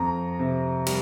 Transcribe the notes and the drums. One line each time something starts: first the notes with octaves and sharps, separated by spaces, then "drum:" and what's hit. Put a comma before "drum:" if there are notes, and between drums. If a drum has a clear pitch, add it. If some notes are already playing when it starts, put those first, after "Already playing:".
Already playing: F2 A#5
C3
G3, drum: cymbal